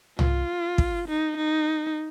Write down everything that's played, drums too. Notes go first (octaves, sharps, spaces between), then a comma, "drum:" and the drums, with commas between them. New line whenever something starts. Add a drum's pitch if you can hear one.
F4, drum: tom C2
drum: kick
D#4
D#4